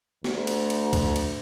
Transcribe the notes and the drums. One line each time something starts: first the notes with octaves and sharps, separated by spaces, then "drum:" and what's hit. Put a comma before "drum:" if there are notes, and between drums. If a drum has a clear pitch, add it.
D2, drum: snare
drum: cymbal
drum: cymbal
drum: kick, cymbal
drum: cymbal